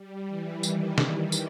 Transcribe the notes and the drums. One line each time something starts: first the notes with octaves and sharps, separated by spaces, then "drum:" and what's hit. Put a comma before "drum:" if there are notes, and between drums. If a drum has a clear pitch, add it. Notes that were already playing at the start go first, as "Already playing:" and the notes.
Already playing: G3
E3
D#3, drum: tambourine
drum: snare
drum: tambourine